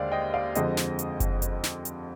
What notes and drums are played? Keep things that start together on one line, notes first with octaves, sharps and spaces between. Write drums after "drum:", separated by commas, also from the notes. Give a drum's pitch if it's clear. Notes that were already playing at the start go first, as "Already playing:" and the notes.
Already playing: D#2 D3 G#3 C5 D5 F5
D#5 G5
D5 F5
F2 D3 G#3 C5 D#5, drum: hi-hat
drum: snare
drum: hi-hat
drum: kick F#1, hi-hat
drum: hi-hat
drum: snare
drum: hi-hat